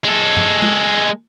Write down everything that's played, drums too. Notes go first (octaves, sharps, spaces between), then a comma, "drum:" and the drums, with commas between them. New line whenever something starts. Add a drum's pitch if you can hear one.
G#3 A4
drum: tom G2
drum: tom G#3